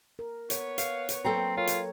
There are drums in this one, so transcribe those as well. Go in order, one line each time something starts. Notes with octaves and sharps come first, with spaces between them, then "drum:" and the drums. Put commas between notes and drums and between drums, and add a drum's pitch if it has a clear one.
A#4
B3 C#5, drum: hi-hat
F5, drum: hi-hat
drum: hi-hat
F#3 A#3 C4 A4 B4 G5 A#5
F4 A#4 C#5
drum: hi-hat